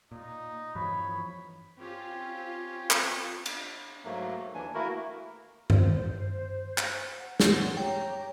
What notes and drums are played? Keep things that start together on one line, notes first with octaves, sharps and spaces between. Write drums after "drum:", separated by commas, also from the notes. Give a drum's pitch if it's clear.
A#2 D#4
G2 E3 F3 C#5 B5
C4 C#4 F4 G4
drum: clap
drum: cymbal
G#2 F#3 A3 A#3
D#2 E3 D4 G#5
A3 A#3 E4 F#4 A#4
C5, drum: tom G2
drum: clap
F#5
drum: snare
G4 C#5 G5 A#5